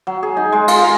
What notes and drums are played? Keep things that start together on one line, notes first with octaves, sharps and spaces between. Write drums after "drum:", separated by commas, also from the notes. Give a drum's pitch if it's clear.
F#3
G#4
D#4
G#3
F4, drum: cymbal
A#5